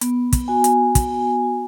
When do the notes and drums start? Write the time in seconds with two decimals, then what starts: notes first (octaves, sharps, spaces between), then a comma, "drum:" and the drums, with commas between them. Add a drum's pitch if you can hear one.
0.01 B3, drum: hi-hat
0.33 drum: kick, hi-hat
0.48 F#4 G#5
0.64 drum: hi-hat
0.95 B3, drum: kick, hi-hat
1.43 F#4